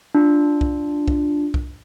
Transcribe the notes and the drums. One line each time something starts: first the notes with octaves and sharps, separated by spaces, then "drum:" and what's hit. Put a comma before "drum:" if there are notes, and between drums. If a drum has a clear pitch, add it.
D4 F4
drum: kick
drum: kick
drum: kick